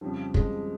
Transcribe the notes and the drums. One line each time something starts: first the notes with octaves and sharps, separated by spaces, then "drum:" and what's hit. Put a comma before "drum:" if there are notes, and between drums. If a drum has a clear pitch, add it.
F2 C#3 F3 G3
G#3, drum: kick